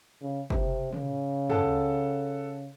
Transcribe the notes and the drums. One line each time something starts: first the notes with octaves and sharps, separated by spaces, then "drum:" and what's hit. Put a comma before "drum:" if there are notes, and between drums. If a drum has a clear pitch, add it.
C#3
C3, drum: kick
C#3, drum: tom
A4 F#5 A5, drum: tom